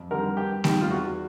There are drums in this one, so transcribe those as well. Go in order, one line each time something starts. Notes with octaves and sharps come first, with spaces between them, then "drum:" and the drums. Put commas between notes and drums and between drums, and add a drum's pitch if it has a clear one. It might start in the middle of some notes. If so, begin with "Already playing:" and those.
Already playing: F2
D3 G3 A#4
G2 G4
D#3 G3, drum: snare A3
F4
E2 F#4